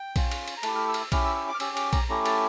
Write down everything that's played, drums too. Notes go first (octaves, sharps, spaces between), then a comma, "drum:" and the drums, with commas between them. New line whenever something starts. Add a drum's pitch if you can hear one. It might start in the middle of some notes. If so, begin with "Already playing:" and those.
Already playing: G5
C#4 F4, drum: kick A#1, cymbal
drum: cymbal
drum: cymbal
A#5
A3 E4 G4 A5, drum: cymbal
F6
E6
F6, drum: cymbal
E6
C#4 E4 G4 F6, drum: kick A#1, cymbal
E6
E6
D6
F6
C#4 G4 E6, drum: cymbal
D6, drum: cymbal
A#5, drum: kick A#1, cymbal
A3 C#4 E4 G4 A#5
A5, drum: cymbal